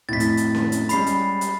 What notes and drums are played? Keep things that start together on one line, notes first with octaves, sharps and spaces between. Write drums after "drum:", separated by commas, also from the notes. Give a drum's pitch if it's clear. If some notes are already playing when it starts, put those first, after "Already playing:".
F2 A2 A6 B6
drum: hi-hat
drum: hi-hat
drum: snare C#4
drum: hi-hat
G3 G#3 C#4 B5 C7, drum: hi-hat
drum: hi-hat
drum: hi-hat